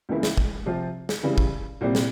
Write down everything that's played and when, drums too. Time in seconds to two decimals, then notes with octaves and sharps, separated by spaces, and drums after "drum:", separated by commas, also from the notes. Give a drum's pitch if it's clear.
0.09 C#2 C#3 E3 A#3 E4
0.23 drum: snare
0.37 drum: kick
0.66 C3 F3 C4 F4
1.09 drum: snare
1.23 C#3 E3 G3
1.38 drum: kick
1.81 C2 A#2 G3 C4
1.95 drum: snare